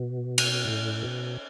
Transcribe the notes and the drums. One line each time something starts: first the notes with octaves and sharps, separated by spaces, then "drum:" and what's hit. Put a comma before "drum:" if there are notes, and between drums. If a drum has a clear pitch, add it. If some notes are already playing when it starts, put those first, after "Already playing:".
Already playing: B2
drum: cymbal
A2
B2